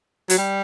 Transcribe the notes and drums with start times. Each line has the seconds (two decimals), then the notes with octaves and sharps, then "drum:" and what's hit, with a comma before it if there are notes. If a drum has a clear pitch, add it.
0.30 F#3, drum: hi-hat
0.38 G3